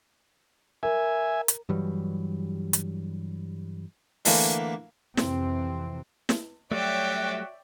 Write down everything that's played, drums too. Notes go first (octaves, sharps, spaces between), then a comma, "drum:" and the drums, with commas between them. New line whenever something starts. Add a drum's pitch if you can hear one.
A#4 E5 G#5
drum: hi-hat
G2 E3 F#3 G3
drum: hi-hat
D3 E3 A3 A#3, drum: open hi-hat
F2 C3 E3 C4, drum: snare
drum: snare
F#3 G3 A3 F#4 C#5 D5 E5 G5